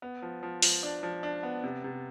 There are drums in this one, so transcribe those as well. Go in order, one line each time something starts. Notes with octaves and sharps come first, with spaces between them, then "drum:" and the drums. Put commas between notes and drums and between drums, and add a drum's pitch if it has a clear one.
B3
F3
F3
F3, drum: open hi-hat
D4
F3
D4
B3
C3
C3